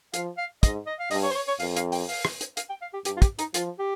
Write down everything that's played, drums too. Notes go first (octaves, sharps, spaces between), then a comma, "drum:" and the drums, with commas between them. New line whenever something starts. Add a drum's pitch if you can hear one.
F3 F5, drum: hi-hat
F5
G#2 D#5, drum: kick, hi-hat
D#5
F5
G2 D#5, drum: open hi-hat
C#5
C5
C#5
C#5
F2 F5, drum: open hi-hat
F5, drum: hi-hat
G5, drum: open hi-hat
F5, drum: open hi-hat
drum: rim click
drum: hi-hat
F5, drum: hi-hat
G5
F5
G4
G2 G4, drum: hi-hat
F4
G4, drum: kick, hi-hat
D#4, drum: hi-hat
F3 F4, drum: hi-hat
G4